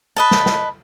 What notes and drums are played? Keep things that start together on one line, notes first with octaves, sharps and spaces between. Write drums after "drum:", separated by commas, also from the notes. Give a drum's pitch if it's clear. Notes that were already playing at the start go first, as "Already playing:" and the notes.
B4 D#5 A5
drum: snare
drum: snare